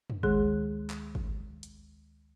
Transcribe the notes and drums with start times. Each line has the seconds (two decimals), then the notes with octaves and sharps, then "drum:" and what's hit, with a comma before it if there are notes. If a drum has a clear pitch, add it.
0.10 drum: tom
0.23 D2 D#3 G#3 G#4 C6 F#6, drum: kick G#1
0.90 drum: clap
1.15 drum: kick G#1
1.63 drum: hi-hat